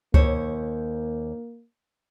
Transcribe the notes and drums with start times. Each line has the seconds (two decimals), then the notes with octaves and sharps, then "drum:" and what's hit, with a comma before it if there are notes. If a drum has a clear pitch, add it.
0.14 D#2 A#3 C5 C#5, drum: kick C#2